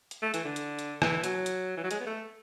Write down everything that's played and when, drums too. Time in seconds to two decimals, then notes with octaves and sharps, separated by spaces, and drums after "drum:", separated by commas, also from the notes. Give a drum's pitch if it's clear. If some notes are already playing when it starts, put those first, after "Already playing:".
0.11 drum: hi-hat
0.22 A3
0.34 E3, drum: hi-hat
0.44 D3
0.56 drum: hi-hat
0.79 drum: hi-hat
1.02 E3, drum: rim click
1.24 F#3, drum: hi-hat
1.46 drum: hi-hat
1.77 E3
1.84 F#3
1.91 G#3, drum: hi-hat
2.00 B3
2.06 A3